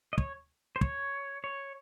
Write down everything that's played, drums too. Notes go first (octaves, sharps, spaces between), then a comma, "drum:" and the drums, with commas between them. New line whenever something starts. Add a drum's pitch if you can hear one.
D#5
C#5, drum: kick
C5
C#5, drum: kick
C#5